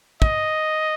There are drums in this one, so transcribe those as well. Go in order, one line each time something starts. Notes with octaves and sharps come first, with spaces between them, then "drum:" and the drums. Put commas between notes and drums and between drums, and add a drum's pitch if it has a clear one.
D#5, drum: kick